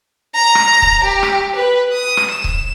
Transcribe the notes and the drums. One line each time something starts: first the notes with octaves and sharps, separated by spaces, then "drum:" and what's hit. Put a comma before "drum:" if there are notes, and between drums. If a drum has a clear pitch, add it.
A#5
drum: rim click
drum: kick C#1
G4
drum: rim click
B4
D#6
drum: rim click
E7
drum: kick C#1